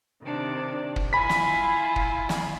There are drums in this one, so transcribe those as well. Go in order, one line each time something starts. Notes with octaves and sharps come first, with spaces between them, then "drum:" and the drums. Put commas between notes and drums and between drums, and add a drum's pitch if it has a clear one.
C3 D#3 D4
drum: kick
E4 F4 G#5 B5 B6
drum: snare
drum: kick
drum: snare